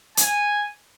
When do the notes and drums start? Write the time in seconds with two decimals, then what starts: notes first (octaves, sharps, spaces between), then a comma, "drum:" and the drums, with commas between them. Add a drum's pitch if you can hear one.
0.17 G#5, drum: hi-hat